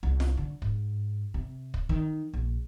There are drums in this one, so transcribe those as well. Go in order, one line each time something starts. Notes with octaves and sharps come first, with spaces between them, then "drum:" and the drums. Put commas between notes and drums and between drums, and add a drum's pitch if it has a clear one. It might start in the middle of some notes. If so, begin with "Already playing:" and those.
C2
drum: snare F4
D3
G#2, drum: kick
C3
drum: kick
D#3
A#1